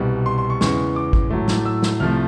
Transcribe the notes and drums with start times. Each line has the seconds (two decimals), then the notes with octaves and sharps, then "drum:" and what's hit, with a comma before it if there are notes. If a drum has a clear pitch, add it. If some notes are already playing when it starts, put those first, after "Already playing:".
Already playing: C2 B2 G3
0.26 C6
0.38 C6
0.50 C#6
0.61 E2 C#3 E3 G#3 C#6, drum: snare
0.96 D6
1.13 drum: kick G#1
1.30 A2 F#3 A3
1.48 drum: snare
1.66 E6
1.83 drum: snare
2.00 C2 C3 F3 A3 F6